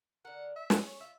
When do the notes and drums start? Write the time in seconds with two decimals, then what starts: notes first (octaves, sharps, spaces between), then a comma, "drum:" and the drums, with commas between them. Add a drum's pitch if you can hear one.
0.25 D3 A#4 F#5
0.56 E5
0.70 C#4 G#4, drum: snare
0.87 C#5
1.00 F4 E5